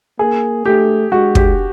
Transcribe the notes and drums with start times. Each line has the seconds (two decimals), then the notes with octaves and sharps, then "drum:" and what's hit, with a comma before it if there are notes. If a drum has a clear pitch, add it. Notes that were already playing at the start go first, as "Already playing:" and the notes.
0.19 A#3 G#4
0.65 A3 G4
1.12 G#3 F#4
1.35 G4, drum: kick